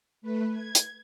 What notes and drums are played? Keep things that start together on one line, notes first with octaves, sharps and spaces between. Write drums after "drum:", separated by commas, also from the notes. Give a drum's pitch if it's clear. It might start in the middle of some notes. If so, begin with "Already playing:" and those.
A3 B4
G#6
drum: hi-hat